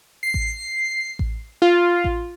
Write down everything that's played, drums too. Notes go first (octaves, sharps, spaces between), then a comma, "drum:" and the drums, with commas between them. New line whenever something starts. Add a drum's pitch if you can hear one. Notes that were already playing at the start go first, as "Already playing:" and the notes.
C7
drum: kick A1
drum: kick A1
F4
drum: kick A1